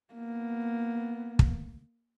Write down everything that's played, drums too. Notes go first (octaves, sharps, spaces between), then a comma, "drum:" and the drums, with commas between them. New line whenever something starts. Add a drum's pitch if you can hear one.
A#3 B3
drum: kick